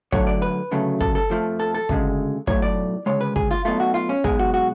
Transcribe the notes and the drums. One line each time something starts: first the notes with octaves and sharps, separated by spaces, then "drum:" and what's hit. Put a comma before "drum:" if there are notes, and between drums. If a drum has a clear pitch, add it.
D2 D3 F#3 A3 C#5, drum: kick
D5
B4
D2 C#3 F#3 A3
A4, drum: kick
A4
F2 F3 A3
A4
A4
D2 C#3 G#3, drum: kick
B1 A2 F#3 A3 C#5, drum: kick
D5
D2 C#3 G#3 C#5
B4
G#4, drum: kick
F4
B1 B2 A3 F4
F#4
F4
C#4
B1 B2 G#3 G#4, drum: kick
F#4
F#4